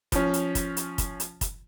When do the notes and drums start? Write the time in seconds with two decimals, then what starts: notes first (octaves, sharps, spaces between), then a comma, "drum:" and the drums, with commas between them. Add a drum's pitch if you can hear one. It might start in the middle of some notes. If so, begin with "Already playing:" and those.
0.12 F3 C#4, drum: kick, hi-hat
0.34 drum: hi-hat
0.55 drum: kick, hi-hat
0.77 drum: hi-hat
0.98 drum: kick, hi-hat
1.20 drum: hi-hat
1.41 drum: kick, hi-hat